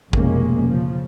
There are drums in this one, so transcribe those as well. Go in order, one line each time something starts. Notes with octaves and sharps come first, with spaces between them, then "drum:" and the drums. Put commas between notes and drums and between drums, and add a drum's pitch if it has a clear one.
F1 B1 G#2 G#3 A#3 C#4, drum: kick
C#3 F3